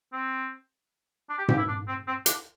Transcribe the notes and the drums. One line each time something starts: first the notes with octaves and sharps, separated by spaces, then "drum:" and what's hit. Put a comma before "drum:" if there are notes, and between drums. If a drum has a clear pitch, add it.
C4
D4
G4
G4, drum: tom G#2
E4
D4
C4
C4
D4, drum: hi-hat